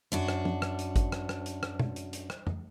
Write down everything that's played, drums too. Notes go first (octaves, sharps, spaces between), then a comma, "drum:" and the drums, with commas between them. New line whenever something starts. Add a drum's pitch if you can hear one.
F#2 D4 F#4
drum: rim click
drum: tom
drum: rim click
drum: hi-hat
drum: kick G#1, hi-hat
drum: rim click
drum: rim click
drum: hi-hat
drum: rim click
drum: tom B2
drum: hi-hat
drum: hi-hat
drum: rim click
drum: tom